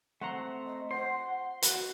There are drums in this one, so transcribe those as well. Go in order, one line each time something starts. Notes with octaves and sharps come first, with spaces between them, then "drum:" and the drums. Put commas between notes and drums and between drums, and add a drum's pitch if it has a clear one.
A3 C4 F#5 A#5 C6
D#5
C5 F#5 C6
F#4 B4 F#5, drum: hi-hat